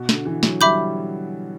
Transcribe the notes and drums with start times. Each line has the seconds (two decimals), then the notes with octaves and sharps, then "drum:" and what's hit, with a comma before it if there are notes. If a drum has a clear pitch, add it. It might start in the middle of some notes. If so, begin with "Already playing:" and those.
Already playing: B2
0.09 D3, drum: snare
0.25 E3
0.43 F#3, drum: snare
0.61 G3 E5 B5 D6 G6